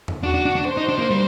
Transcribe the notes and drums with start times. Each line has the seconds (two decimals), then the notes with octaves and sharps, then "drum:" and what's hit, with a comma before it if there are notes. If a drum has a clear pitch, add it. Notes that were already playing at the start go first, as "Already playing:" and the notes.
0.08 drum: tom E2
0.23 D4 F#4
0.34 D4
0.45 D4
0.56 D4
0.67 C5
0.77 D#4
0.89 D4
0.99 A#3
1.10 G3